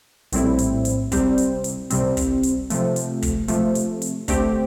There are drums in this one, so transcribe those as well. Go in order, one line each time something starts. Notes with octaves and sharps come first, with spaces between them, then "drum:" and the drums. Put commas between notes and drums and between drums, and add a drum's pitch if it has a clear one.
A#1 A2 G3 C4 E4, drum: hi-hat
drum: hi-hat
drum: hi-hat
C2 C3 G3 C4, drum: kick, hi-hat
drum: hi-hat
drum: hi-hat
C2 C3 G3 C4, drum: hi-hat
drum: kick, hi-hat
drum: hi-hat
C3 F3 A3, drum: hi-hat
drum: hi-hat
drum: kick, hi-hat
C3 F3 A3, drum: hi-hat
drum: hi-hat
drum: hi-hat
D3 A3 C4 G4, drum: kick, hi-hat